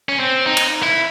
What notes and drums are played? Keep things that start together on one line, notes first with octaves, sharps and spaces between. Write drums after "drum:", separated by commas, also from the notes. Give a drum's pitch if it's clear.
C#4
C4
D#4
drum: cymbal
E4